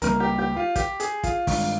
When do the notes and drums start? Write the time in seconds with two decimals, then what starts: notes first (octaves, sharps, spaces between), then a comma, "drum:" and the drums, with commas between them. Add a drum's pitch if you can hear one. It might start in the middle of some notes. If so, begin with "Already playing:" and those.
0.02 C#2 C3 G3 A#3 A#4, drum: hi-hat
0.20 G4
0.39 G4
0.56 F4
0.76 G4, drum: kick, hi-hat
1.00 G#4, drum: hi-hat
1.23 F4, drum: kick, hi-hat
1.47 G2 D#3 G#3 F4, drum: kick, open hi-hat